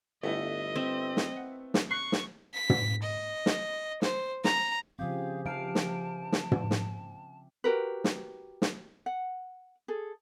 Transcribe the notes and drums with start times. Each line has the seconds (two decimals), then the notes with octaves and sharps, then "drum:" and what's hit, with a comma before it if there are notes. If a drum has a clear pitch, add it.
0.23 G1 A3 B3 E4 D#5
0.75 C4 E5
1.17 drum: snare
1.37 F#5
1.74 drum: snare
1.91 C#6 F#6 C7
2.12 drum: snare
2.54 B6
2.70 drum: tom
3.03 D#5
3.46 drum: snare
4.02 C5, drum: snare
4.44 A#5, drum: snare
4.99 C#3 F3 C4 G4 G#4 F5
5.46 C3 F3 F5 A5 D7
5.75 drum: snare
6.32 drum: snare
6.52 drum: tom
6.71 drum: snare
7.64 F#4 G4 A#4 B4
8.04 drum: snare
8.62 drum: snare
9.06 F#5
9.88 G#4 A4